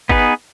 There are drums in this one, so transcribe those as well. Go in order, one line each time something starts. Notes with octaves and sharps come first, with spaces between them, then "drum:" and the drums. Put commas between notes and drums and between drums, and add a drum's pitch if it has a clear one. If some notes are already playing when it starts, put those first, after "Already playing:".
B3 D#4 G#4 B4, drum: kick